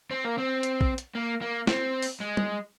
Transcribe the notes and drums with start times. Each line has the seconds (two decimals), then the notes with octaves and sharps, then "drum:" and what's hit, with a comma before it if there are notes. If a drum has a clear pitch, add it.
0.11 C4
0.25 A#3
0.38 C4
0.63 drum: hi-hat
0.81 drum: kick
0.98 drum: hi-hat
1.15 A#3
1.41 A#3
1.67 C4, drum: snare
2.02 drum: open hi-hat
2.20 G#3
2.37 drum: tom